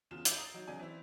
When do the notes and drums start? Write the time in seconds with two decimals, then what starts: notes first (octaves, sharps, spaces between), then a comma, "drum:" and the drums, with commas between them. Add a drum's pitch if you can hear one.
0.11 E2 C#3 F4 E7
0.25 D6 E6 G6 A6 C7 D7, drum: hi-hat
0.38 A#5 D#6
0.54 F#3 D#4
0.67 C#3 F#3 D5 G#5
0.79 E3 C4 E4